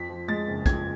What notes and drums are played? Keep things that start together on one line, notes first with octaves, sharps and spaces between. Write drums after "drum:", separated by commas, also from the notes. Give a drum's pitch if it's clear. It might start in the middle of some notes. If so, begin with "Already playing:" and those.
Already playing: F2 B6
F3
G#3 A6
F#1
F2 G#6, drum: kick, hi-hat